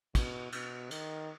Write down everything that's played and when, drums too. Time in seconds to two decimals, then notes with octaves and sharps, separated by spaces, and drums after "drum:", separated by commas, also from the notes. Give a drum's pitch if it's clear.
0.15 B2, drum: kick, cymbal
0.52 B2, drum: cymbal
0.91 D#3, drum: cymbal